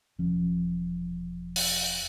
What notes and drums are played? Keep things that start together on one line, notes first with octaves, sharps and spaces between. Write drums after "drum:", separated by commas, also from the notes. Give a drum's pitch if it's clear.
E1 F3 C#4
drum: open hi-hat